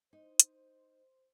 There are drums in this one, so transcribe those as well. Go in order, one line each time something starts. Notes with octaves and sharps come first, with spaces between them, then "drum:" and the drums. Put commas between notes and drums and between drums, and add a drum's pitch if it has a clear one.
D#4 C5
drum: hi-hat